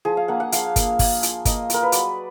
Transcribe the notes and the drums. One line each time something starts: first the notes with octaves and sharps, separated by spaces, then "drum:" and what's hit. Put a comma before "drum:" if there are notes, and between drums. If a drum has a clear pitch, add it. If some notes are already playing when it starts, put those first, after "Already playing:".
F3 G#4
F5
A#3 D4 F#5
F#5
F3 F5, drum: hi-hat
A#3 D4, drum: kick G1, hi-hat
A#3, drum: kick G1, open hi-hat
F4, drum: hi-hat
A#3 D#5, drum: kick G1, hi-hat
F4 A#4, drum: hi-hat
B4
F#3 D5, drum: hi-hat